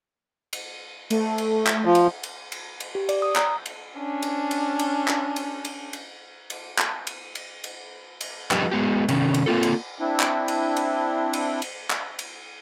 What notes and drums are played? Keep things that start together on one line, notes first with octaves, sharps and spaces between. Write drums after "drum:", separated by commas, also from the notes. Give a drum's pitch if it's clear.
drum: cymbal
A3, drum: cymbal
drum: cymbal
drum: clap
F3
drum: cymbal
drum: cymbal
drum: cymbal
drum: cymbal
G4
D5, drum: cymbal
D#6
A#5, drum: clap
drum: cymbal
C#4 D4
drum: cymbal
drum: cymbal
drum: cymbal
drum: clap
drum: cymbal
drum: cymbal
drum: cymbal
drum: cymbal
drum: clap
drum: cymbal
drum: cymbal
drum: cymbal
drum: cymbal
F3 G3 D#4 G4 B4, drum: clap
G#3 B3 G4
C3 D#3 C#4, drum: cymbal
drum: cymbal
A#3 C4 F4 A4
drum: cymbal
C4 D4 E4
drum: clap
drum: cymbal
drum: cymbal
drum: cymbal
drum: cymbal
drum: clap
drum: cymbal